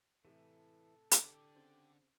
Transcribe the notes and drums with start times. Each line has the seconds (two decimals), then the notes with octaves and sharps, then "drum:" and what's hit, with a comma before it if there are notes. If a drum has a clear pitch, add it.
0.25 A2 C3 E3 A3 A4
1.11 D3 D4 G4 D5, drum: hi-hat
1.55 C#3 C4